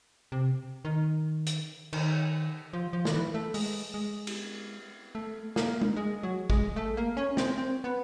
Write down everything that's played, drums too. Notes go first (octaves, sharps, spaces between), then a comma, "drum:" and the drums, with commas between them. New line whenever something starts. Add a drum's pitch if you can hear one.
C3
D#3
drum: hi-hat
D#3, drum: cymbal
F3
F3
D#3, drum: snare
E3
A3
G#3, drum: open hi-hat
G#3
drum: cymbal
A3
A#3, drum: snare
drum: tom G#3
G#3
F#3
G#3, drum: kick
A3
A#3
C#4
C4, drum: snare
C4
B3